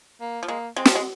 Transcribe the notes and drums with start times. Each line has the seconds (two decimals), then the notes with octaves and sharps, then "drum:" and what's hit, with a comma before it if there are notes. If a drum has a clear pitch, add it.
0.21 A#3
0.43 F3
0.48 G#3 A#3
0.76 G#3 C4
0.85 F3, drum: snare
0.95 G#3